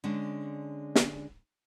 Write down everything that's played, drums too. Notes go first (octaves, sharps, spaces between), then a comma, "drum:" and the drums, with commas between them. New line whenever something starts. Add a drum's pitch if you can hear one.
D3 G#3 C#4 D4
drum: snare